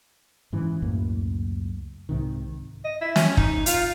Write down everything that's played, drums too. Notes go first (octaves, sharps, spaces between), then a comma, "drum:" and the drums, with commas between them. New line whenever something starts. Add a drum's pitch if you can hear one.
G#2 C#3 E3
C#2 F#2 A2 A#3
C2 G#2 C3 D#3
D#5
E4
C#4, drum: snare
D#4, drum: kick
F4, drum: hi-hat